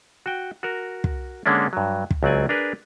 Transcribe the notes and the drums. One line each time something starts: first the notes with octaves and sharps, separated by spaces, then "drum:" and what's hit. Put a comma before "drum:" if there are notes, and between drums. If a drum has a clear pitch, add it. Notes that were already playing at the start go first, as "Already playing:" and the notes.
F#4 G5
F#4 A#4
drum: kick
D3 G#3 A#3 C#4 D4
G2 F#3
drum: kick
C#2 F#3 C4 D5 G#5
D4 G#4 A#4 B4